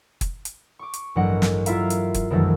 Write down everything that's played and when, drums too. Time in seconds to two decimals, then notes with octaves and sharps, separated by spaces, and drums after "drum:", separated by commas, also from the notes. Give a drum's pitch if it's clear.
0.21 drum: kick, hi-hat
0.45 drum: hi-hat
0.79 C#6 D6
0.94 drum: hi-hat
1.15 A1 G2 F#3 A#4 D#5 F#5
1.42 drum: snare
1.66 E4 F4 A#4 E5 F5 A#5, drum: hi-hat
1.90 drum: hi-hat
2.14 drum: kick, hi-hat
2.30 C2 F#2 D#3 E3 F#3 A3